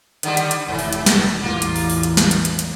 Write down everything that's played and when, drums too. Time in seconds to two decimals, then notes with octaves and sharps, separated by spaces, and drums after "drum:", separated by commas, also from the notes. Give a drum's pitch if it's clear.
0.23 D3 D#3 G3, drum: hi-hat
0.37 drum: hi-hat
0.51 drum: hi-hat
0.68 F1 G#2 E3
0.79 drum: open hi-hat
0.93 drum: hi-hat
1.06 drum: snare
1.42 A1 E2 A#3 F4
1.62 drum: hi-hat
1.76 drum: open hi-hat
1.90 drum: open hi-hat
2.03 drum: hi-hat
2.17 drum: snare
2.31 drum: hi-hat
2.45 drum: hi-hat
2.59 drum: hi-hat